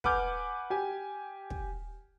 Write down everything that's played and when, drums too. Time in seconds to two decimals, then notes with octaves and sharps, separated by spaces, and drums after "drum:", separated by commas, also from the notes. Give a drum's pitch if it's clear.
0.04 B4 F#5 G#5 D6 F6 G6, drum: kick
0.70 G4 G#5
1.50 drum: kick